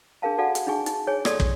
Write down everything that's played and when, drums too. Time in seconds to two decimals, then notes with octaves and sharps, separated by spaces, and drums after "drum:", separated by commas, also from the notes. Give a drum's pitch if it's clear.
0.22 D4 G#4 A#4 F5 A5
0.38 F#4 A4 D5 F5 F#5 G#5
0.55 drum: hi-hat
0.67 D4 D#4 G#4 G#5 C#6
0.86 D#4, drum: hi-hat
1.07 G#4 C#5 G#5
1.25 A4 D5 C6 C#6 D#6, drum: rim click
1.40 drum: kick